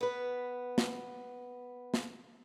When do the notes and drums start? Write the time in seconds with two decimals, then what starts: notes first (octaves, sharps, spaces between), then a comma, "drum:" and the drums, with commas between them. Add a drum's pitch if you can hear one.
0.01 B3 B4
0.78 drum: snare
1.94 drum: snare